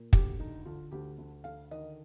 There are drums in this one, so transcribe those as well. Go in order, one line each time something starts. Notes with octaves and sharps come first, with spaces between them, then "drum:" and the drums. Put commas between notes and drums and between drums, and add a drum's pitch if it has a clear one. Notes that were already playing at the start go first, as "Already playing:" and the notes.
Already playing: A#2
D2 G4, drum: kick
D3 D#4
D3 F4
D2 G4
D2
D3 F5
D#3 D#5